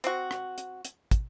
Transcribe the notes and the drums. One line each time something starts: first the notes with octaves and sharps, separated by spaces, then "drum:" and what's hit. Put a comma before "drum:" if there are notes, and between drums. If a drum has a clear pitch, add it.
C4 F#4, drum: hi-hat
drum: rim click
drum: hi-hat
drum: hi-hat
drum: kick, hi-hat